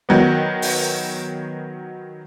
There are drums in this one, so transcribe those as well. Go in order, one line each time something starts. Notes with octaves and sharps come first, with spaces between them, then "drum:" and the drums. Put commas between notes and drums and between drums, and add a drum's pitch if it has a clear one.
D#3 F#3 B3
drum: open hi-hat